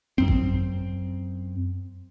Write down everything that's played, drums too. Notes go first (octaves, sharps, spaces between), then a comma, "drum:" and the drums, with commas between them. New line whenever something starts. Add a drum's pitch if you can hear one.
F#2 C4
drum: kick G#1